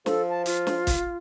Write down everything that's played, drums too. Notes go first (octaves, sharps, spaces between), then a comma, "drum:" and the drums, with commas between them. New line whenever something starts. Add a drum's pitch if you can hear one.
F3 A4, drum: snare
A5
F4, drum: hi-hat
drum: snare
drum: kick, hi-hat